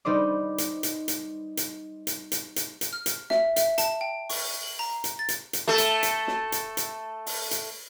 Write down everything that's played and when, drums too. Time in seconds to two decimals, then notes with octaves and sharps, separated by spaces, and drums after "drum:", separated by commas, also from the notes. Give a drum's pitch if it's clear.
0.05 G3 D#4 B4 C5 D5
0.58 drum: hi-hat
0.83 drum: hi-hat
1.08 drum: hi-hat
1.57 drum: hi-hat
2.07 drum: hi-hat
2.32 drum: hi-hat
2.56 drum: hi-hat
2.81 drum: hi-hat
2.93 F6
3.06 drum: hi-hat
3.30 E5, drum: snare
3.56 E5, drum: hi-hat
3.78 A5, drum: hi-hat
4.01 G5
4.30 C#6, drum: open hi-hat
4.63 F#7
4.79 A#5
5.04 drum: hi-hat
5.19 A6
5.29 drum: hi-hat
5.53 drum: hi-hat
5.68 A3 A4
5.78 drum: hi-hat
6.03 drum: hi-hat
6.27 drum: snare
6.52 drum: hi-hat
6.77 drum: hi-hat
7.26 drum: open hi-hat
7.51 drum: hi-hat